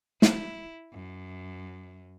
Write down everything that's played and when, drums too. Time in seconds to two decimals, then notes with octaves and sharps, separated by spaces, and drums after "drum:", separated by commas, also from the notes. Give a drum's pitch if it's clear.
0.22 E4, drum: snare
0.93 F#2